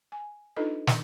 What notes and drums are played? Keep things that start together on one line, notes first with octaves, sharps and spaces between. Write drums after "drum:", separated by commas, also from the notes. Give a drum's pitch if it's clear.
G#5
D4 D#4 F4 A4 B4 D#5
D#3, drum: snare